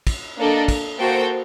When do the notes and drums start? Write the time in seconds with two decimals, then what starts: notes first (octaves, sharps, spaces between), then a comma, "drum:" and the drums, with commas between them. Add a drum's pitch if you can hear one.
0.07 drum: kick, cymbal
0.37 A#3 D4 A4 D#5
0.68 drum: kick, cymbal
0.99 A#3 F#4 A4 C5 G5